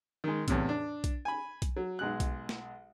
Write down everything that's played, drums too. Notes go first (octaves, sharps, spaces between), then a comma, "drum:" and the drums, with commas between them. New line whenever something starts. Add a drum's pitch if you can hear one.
D#3 G#3
E2 A2 C3, drum: kick B1, hi-hat
D4
drum: kick B1, hi-hat
G#5 B5
drum: kick B1, hi-hat
F#3
B1 G#3 F#6
drum: kick B1, hi-hat
drum: snare